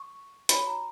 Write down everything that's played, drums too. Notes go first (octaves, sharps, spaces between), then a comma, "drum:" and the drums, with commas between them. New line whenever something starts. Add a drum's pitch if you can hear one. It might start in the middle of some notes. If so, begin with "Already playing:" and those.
Already playing: C#6
F#4 C#5 B5, drum: hi-hat
A#5